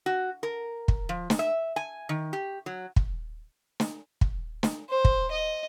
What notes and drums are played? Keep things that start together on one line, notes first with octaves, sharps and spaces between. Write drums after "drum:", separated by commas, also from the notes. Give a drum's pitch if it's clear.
F#4
A#4
drum: kick
F3
drum: snare
E5
G#5
D#3
G4
F#3
drum: kick
drum: snare
drum: kick
drum: snare
C5
drum: kick
D#5